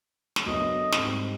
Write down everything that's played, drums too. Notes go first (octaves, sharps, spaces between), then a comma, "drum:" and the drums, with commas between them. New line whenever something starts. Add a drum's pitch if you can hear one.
drum: snare
F#1 F#3 B3 D4 A4 D#5
G#2 G3 C4, drum: snare